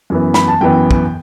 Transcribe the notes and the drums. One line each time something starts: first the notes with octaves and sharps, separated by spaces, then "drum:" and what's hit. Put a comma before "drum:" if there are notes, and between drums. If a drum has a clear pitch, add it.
F#2 E3 B3
B5, drum: snare
A5
F#2 E3 B3 G5
drum: kick